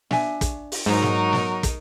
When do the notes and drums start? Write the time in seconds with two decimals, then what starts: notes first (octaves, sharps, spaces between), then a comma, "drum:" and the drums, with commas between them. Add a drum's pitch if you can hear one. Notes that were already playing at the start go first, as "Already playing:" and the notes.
0.11 D4 E5 G#5, drum: snare
0.41 drum: kick, hi-hat
0.72 drum: open hi-hat
0.86 G#2 F#3 D#4 A#4
1.02 drum: snare
1.33 drum: snare
1.63 drum: kick, hi-hat